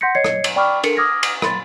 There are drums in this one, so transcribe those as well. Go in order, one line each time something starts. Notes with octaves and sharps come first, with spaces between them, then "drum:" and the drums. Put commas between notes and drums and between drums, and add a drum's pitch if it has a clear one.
F#5 C6 G6 A#6 B6 C#7
C#5 D#5 G#6 C7 C#7
drum: rim click
drum: cymbal
D5 G5 B5 C#6 D6 F6
D4 A4 A#4 C#7, drum: cymbal
D6 D#6 F6 G#6 A#6
drum: cymbal
B5 C6 A6, drum: rim click